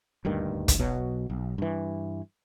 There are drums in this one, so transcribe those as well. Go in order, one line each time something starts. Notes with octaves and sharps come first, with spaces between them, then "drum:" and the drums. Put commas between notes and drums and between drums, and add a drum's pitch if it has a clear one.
D#1 D2 G2 D#3
drum: kick, hi-hat
B1 B2 F#3
B1
G2 E3